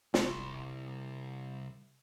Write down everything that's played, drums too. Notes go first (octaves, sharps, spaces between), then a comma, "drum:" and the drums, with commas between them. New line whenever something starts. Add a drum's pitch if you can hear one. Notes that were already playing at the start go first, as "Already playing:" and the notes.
C2 C6, drum: snare